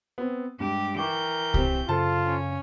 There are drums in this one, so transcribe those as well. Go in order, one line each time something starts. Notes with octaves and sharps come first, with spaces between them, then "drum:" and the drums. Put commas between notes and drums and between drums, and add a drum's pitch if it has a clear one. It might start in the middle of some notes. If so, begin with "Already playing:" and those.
B3 C4
G2 G#3 G4
E3 A#4 G5 C#6 D6 G6
C4 G4, drum: kick C2
F#2 C#3 F4 A4 C5 F5 A5
C#4